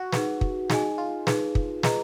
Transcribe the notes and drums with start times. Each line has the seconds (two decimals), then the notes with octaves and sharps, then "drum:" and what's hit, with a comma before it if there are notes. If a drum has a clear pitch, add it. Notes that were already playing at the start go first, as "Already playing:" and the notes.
Already playing: F#4
0.12 D#4 G#4 B4, drum: snare
0.41 drum: kick
0.70 D#4 G#4 D#5 G#5, drum: snare
0.98 F4
1.27 D#4 G#4 B4, drum: snare
1.55 drum: kick
1.83 G#4 B4 D#5 A#5, drum: snare